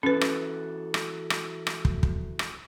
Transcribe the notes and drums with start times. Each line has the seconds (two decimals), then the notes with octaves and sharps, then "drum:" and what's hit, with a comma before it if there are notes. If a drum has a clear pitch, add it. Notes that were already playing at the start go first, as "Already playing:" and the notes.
0.03 E3 C#4 F#4 A4 B4
0.21 drum: rim click
0.94 drum: rim click
1.30 drum: rim click
1.67 drum: rim click
1.85 drum: kick
2.03 drum: kick
2.39 drum: rim click